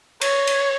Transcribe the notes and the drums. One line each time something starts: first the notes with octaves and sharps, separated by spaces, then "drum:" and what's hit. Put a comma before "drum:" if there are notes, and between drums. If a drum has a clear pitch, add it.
C#5, drum: cymbal
drum: cymbal